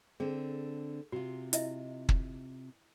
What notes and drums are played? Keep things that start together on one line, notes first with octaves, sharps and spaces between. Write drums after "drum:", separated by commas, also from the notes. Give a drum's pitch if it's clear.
D3 C4 G#4
C3 F4 F#4
E4 D#5 E5, drum: hi-hat
drum: kick